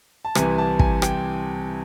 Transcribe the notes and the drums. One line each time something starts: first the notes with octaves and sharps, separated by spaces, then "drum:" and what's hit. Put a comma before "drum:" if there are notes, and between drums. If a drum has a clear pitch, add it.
A5
C2 C3 E3 G#5, drum: rim click
A5
G#5, drum: kick
G5, drum: rim click